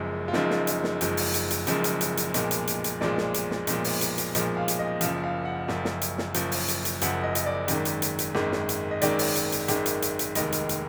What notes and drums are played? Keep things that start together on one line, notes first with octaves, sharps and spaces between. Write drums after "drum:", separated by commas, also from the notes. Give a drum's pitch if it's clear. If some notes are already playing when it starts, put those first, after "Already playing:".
Already playing: F#1 F#2 F3 G#3
F4
F#1 F#2 F3 G#3 D#4, drum: snare
drum: snare
drum: hi-hat
drum: snare
F#1 F#2 F3 G#3, drum: hi-hat
drum: open hi-hat
drum: hi-hat
drum: hi-hat
F#1 F#2 F3 G#3, drum: hi-hat
drum: hi-hat
drum: hi-hat
drum: hi-hat
B1 A#2 F3 G#3, drum: hi-hat
drum: hi-hat
drum: hi-hat
drum: hi-hat
B1 A#2 F3 G#3 D5, drum: snare
drum: snare
drum: hi-hat
drum: snare
B1 A#2 F3 G#3, drum: hi-hat
drum: open hi-hat
drum: hi-hat
drum: hi-hat
B1 A#2 F3 G#3, drum: hi-hat
F5
drum: hi-hat
D#5
F#1 F#2 F3 F5, drum: hi-hat
F5
F#5
F#1 F#2 F3, drum: snare
drum: snare
drum: hi-hat
drum: snare
F#1 F#2 F3, drum: hi-hat
drum: open hi-hat
drum: hi-hat
drum: hi-hat
F#1 F#2 F3 F#5, drum: hi-hat
D#5
drum: hi-hat
D5
G#1 F#2 D#3 G#3, drum: hi-hat
drum: hi-hat
drum: hi-hat
drum: hi-hat
G#1 F#2 D#3 G#3, drum: snare
drum: snare
drum: hi-hat
D#5
G#1 F#2 D#3 G#3 D5, drum: hi-hat
drum: open hi-hat
drum: hi-hat
drum: hi-hat
G#1 F#2 D#3 G#3, drum: hi-hat
drum: hi-hat
drum: hi-hat
drum: hi-hat
F1 D#2 D#3 G#3 D#5, drum: hi-hat
drum: hi-hat
drum: hi-hat